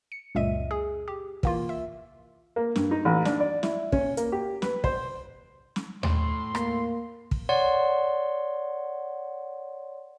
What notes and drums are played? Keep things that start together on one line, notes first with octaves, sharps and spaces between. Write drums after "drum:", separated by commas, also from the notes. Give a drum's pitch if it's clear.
C#7
C#2 F#2 A#2 D#5 E5 D#7
G#4
G4
E3 A#3 F4, drum: kick
E5
A#3
G2, drum: snare
D#4
A1
D4, drum: snare
D5
E4, drum: snare
C#4, drum: kick
A#3, drum: hi-hat
G4
B4, drum: snare
C5, drum: kick
drum: snare
A2 C6, drum: tom D#2
A#3, drum: rim click
drum: kick
C#5 D5 F#5 C6